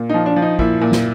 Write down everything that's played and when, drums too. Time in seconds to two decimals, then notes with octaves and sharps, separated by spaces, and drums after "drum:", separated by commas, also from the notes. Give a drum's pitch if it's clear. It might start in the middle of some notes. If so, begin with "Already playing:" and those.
Already playing: A#2
0.09 F3 D#4
0.26 D4
0.36 F3
0.42 D#4
0.59 A#2 E4, drum: kick
0.81 A#2
0.92 drum: snare